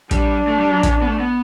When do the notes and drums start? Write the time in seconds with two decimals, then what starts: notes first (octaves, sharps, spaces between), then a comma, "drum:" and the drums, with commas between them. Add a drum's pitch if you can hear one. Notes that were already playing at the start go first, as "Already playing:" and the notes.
0.11 G3 D4, drum: kick A1, hi-hat
0.47 A3
0.59 G3
0.71 F#3
0.83 C#4, drum: kick A1, hi-hat
1.02 B3
1.07 A3
1.19 B3